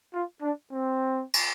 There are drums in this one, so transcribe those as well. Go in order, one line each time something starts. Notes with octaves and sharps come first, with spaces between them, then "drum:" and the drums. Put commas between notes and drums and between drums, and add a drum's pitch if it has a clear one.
F4
D4
C4
drum: cymbal